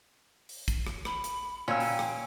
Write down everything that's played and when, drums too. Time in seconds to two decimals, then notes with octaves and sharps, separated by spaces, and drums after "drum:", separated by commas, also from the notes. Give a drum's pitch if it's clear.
0.49 drum: open hi-hat
0.68 drum: kick, hi-hat
0.87 drum: rim click
1.05 B5, drum: rim click
1.24 drum: hi-hat
1.68 A#2 C#4 G5 E6
1.80 drum: open hi-hat
1.99 drum: rim click